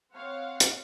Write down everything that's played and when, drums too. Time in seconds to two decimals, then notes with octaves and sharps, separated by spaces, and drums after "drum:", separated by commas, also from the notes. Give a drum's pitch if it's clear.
0.14 C4 C#5 F5 F#5
0.60 drum: hi-hat